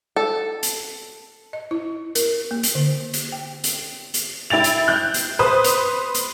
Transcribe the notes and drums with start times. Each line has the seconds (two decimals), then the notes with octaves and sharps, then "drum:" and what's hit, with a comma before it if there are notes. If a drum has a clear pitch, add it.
0.16 A4
0.63 drum: hi-hat
1.53 D#5
1.71 E4
2.15 A#4, drum: hi-hat
2.51 A#3
2.63 drum: hi-hat
2.75 D3
3.14 drum: hi-hat
3.32 G5
3.64 drum: hi-hat
4.14 drum: hi-hat
4.50 E4 G5 A6 F7
4.64 drum: hi-hat
4.88 F#6 G6
5.14 drum: hi-hat
5.39 B4 C5 D#6
5.64 drum: hi-hat
6.14 drum: hi-hat